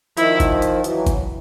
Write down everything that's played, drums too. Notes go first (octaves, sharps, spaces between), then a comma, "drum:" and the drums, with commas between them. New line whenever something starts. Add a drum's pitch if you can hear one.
D#3 F3 E4, drum: hi-hat
drum: kick G1, hi-hat
drum: hi-hat
E3 F#3, drum: hi-hat
drum: kick G1, hi-hat